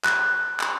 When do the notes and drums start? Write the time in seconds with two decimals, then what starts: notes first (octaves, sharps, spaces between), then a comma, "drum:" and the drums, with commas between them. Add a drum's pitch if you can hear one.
0.05 F#6, drum: clap
0.60 drum: clap